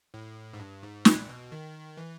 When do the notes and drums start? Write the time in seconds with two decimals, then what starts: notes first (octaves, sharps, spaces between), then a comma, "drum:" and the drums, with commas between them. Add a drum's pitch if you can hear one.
0.14 A2
0.53 G#2
0.60 G2
0.83 G#2
1.05 A#2, drum: snare
1.29 B2
1.52 D#3
1.97 E3